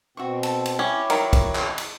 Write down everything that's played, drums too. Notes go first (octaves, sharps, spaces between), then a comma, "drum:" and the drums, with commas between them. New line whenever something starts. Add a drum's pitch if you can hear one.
B2 C4 F#4 E5 C#6
A4, drum: cymbal
drum: cymbal
C#4 E4 G4 C#5
D#3 F#3 A#4 D5 F#5, drum: cymbal
drum: kick, cymbal
drum: clap
drum: cymbal